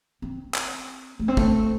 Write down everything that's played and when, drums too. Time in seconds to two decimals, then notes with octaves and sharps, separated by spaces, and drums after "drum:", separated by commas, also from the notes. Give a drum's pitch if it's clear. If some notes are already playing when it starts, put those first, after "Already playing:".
0.22 C4
0.54 drum: clap
1.20 A3
1.28 C4
1.37 A3, drum: kick